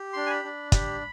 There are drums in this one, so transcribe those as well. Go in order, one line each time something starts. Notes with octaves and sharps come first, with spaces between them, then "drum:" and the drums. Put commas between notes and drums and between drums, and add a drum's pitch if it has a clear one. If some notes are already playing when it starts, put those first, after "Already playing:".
Already playing: G4
D4 C6
G#5
B5
D4
G4 B5, drum: kick, hi-hat